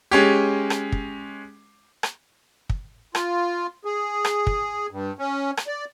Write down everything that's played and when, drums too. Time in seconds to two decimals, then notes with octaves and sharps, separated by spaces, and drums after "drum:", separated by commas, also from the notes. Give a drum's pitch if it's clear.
0.11 G#3 C#4 G4
0.70 drum: rim click
0.92 drum: kick
2.03 drum: rim click
2.70 drum: kick
3.15 F4, drum: rim click
3.85 G#4
4.25 drum: rim click
4.47 drum: kick
4.91 G2
5.19 C#4
5.57 drum: rim click
5.67 D5